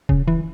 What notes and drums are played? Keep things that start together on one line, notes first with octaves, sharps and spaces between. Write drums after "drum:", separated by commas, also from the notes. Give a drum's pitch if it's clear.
C#3, drum: kick D#1
E3